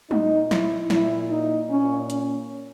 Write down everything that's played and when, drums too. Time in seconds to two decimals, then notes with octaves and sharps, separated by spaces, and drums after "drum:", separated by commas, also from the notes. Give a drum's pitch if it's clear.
0.11 A#2 D#4, drum: tom G3
0.51 E4, drum: snare
0.90 A#2 E4, drum: snare
1.30 D#4
1.70 A#2 C#4
2.10 C#4, drum: hi-hat